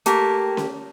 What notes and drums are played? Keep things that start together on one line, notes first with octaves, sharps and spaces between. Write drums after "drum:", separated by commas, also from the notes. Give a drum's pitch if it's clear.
A3 A#3 G4, drum: hi-hat
drum: snare C#4